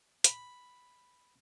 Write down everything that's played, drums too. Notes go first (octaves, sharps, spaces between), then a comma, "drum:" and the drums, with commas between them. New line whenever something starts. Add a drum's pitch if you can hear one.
B5, drum: hi-hat